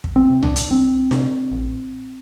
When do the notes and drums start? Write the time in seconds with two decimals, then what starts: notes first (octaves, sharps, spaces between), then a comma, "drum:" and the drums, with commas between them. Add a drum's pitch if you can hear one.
0.04 drum: kick
0.16 C4
0.30 C3
0.43 D4, drum: tom
0.56 drum: hi-hat
0.70 C2 C4
1.11 C3, drum: snare D4
1.51 A1